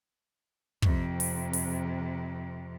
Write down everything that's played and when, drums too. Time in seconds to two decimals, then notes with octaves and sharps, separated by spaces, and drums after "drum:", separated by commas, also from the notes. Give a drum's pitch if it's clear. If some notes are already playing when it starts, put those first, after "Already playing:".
0.82 F2 C3, drum: kick
1.20 drum: open hi-hat
1.53 drum: open hi-hat